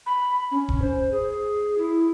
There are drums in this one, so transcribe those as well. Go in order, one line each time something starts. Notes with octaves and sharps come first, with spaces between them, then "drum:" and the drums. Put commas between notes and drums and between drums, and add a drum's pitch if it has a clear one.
B5
C#4
drum: kick
C5
G#4
E4